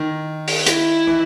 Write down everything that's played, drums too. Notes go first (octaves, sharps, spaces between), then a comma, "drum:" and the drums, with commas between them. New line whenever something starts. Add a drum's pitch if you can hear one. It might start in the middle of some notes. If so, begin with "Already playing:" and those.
Already playing: D#3
drum: open hi-hat
E4, drum: hi-hat
E3